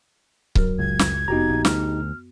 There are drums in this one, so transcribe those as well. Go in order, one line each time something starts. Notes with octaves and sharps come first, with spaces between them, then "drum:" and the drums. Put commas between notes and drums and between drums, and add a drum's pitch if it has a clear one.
G1 F#2 F#3 A#4 F6, drum: kick C#1
C#2 G#6
drum: snare
F1 B3 D#4 F#4 G4 A#5
A#1
D2 F6, drum: snare